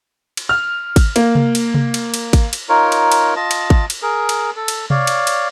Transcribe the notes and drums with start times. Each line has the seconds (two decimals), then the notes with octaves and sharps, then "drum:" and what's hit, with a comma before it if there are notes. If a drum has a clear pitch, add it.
0.37 drum: cymbal
0.49 F6
0.96 drum: kick G#1, cymbal
1.16 A#3, drum: cymbal
1.35 drum: tom C3
1.55 drum: cymbal
1.74 drum: tom C3
1.94 drum: cymbal
2.14 drum: cymbal
2.33 drum: kick G#1, cymbal
2.53 drum: cymbal
2.69 D#4 F4 A#4 C#5
2.92 drum: cymbal
3.12 drum: cymbal
3.36 F4 D#5 A5
3.51 drum: cymbal
3.70 drum: kick G#1
3.90 drum: cymbal
4.02 G#4 A#4
4.29 drum: cymbal
4.56 A4
4.68 drum: cymbal
4.90 C#5 D5 F5, drum: tom C3
5.07 drum: cymbal
5.27 drum: cymbal